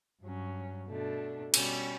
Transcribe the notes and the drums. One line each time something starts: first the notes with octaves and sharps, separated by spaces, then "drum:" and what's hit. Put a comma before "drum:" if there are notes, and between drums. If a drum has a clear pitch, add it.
G2 F#3 C#4
B2 A3 D4
B2 G3 C#4, drum: cymbal